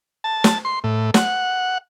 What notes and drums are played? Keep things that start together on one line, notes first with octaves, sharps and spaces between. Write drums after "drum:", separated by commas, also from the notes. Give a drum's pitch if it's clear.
A5
drum: snare
C6
A2
F#5, drum: snare